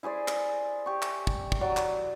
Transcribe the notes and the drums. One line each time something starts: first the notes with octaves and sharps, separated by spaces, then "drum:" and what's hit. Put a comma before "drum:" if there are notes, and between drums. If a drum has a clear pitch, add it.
E4 G#4 C5 D5
drum: clap
G4 C#6
drum: clap
drum: kick
drum: kick
F#3 D5
drum: clap